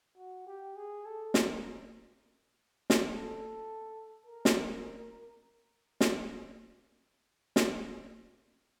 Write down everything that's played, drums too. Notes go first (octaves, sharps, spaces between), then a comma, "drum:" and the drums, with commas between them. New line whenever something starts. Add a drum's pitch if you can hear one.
F#4
G4
G#4
A4
A#4, drum: snare
drum: snare
A4
A#4
drum: snare
drum: snare
drum: snare